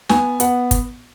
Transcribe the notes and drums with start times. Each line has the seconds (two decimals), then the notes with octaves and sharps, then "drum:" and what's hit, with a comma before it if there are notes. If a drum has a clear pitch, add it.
0.09 B3 G#5, drum: snare
0.40 B3 F#5, drum: hi-hat
0.71 drum: kick, hi-hat